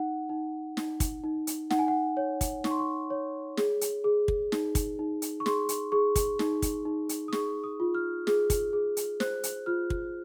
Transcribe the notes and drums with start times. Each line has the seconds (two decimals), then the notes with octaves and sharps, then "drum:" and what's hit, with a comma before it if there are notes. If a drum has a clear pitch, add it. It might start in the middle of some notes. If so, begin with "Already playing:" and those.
Already playing: D#4 F#5
0.29 D#4
0.77 D#4, drum: snare
1.00 drum: kick, hi-hat
1.24 D#4
1.47 drum: hi-hat
1.70 D#4 F#5, drum: snare
1.79 G#5
1.88 F#5
2.17 C#5
2.41 drum: kick, hi-hat
2.64 D#4 C#6, drum: snare
2.71 C6
2.79 C#6
3.10 C#5
3.57 G#4, drum: snare
3.81 drum: hi-hat
4.04 G#4
4.28 drum: kick
4.52 D#4, drum: snare
4.75 drum: kick, hi-hat
4.99 D#4
5.22 drum: hi-hat
5.40 C#6
5.46 G#4 C6, drum: snare
5.69 drum: hi-hat
5.92 G#4 C#6
6.16 drum: kick, hi-hat
6.39 D#4, drum: snare
6.62 drum: kick, hi-hat
6.85 D#4
7.09 drum: hi-hat
7.28 D#6
7.32 G#4 C#6, drum: snare
7.64 D#6
7.80 F4
7.95 F6
8.27 G#4, drum: snare
8.50 drum: kick, hi-hat
8.73 G#4
8.97 drum: hi-hat
9.20 C5 F#6, drum: snare
9.43 drum: hi-hat
9.66 F4 F6
9.90 drum: kick